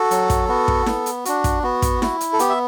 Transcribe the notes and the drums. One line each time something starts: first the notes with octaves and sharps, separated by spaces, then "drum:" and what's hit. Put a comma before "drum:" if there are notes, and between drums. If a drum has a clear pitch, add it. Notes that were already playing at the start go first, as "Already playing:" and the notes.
Already playing: F#4 A4
F#3, drum: hi-hat
drum: kick, hi-hat
B3 F#4
drum: kick
B3, drum: snare E4
drum: hi-hat
D4 F#4, drum: hi-hat
drum: kick, hi-hat
B3 F#4
drum: kick, hi-hat
E4, drum: snare E4
drum: hi-hat
A4
B3 G4, drum: hi-hat
E5